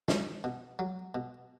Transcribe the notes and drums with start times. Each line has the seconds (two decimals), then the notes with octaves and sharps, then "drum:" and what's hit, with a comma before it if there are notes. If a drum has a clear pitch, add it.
0.08 G#3, drum: snare
0.44 B2
0.79 F#3
1.15 B2